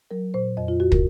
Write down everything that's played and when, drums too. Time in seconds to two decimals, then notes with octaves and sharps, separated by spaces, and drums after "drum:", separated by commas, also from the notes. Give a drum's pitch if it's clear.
0.11 F#3 A#4
0.34 A#2 C5
0.57 F2 D#5
0.68 F4
0.80 F2 F#4
0.92 A#4, drum: kick